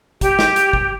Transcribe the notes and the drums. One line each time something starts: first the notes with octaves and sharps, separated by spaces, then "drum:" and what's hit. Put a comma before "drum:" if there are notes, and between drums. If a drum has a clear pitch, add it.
G4, drum: kick, hi-hat
drum: snare
drum: hi-hat
drum: kick